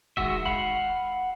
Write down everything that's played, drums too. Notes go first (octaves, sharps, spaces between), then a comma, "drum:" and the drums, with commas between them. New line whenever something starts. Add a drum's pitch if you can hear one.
D#3 G#3 F#4 E5, drum: kick D#1
F5 F#5 B5, drum: kick D#1